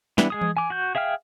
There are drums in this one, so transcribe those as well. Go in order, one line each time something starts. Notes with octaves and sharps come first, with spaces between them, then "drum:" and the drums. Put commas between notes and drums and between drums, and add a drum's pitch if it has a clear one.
E3 G3 B3 D4 E4, drum: snare
G#3 G#4 D#6
drum: tom E3
G#5 D6
F#4 G6
G#4 E5 F5 G5 F6